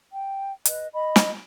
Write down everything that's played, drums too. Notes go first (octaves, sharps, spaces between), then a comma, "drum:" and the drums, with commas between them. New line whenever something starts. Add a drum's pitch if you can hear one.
G5
B4 D#5, drum: hi-hat
D#5 B5
drum: snare